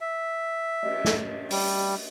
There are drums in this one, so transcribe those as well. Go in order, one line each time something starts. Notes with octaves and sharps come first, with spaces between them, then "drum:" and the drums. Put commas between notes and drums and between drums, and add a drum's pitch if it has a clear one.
E5
drum: cymbal
drum: snare
G3, drum: open hi-hat